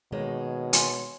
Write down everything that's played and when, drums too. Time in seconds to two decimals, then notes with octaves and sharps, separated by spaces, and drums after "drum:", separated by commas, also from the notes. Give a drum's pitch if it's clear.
0.12 B2 D#3 G#3 A#3 C#5
0.73 G#5 C6, drum: hi-hat